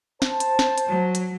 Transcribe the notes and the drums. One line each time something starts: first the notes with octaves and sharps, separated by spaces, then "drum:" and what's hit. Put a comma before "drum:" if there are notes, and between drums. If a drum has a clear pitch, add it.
C5 A5, drum: snare
drum: hi-hat
drum: snare
drum: hi-hat
F#3
drum: hi-hat